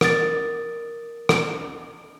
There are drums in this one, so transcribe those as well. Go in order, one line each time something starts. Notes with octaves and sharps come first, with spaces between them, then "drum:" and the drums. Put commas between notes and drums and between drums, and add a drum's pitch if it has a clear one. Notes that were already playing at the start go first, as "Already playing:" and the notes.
A#4 D#6 A6, drum: rim click
drum: rim click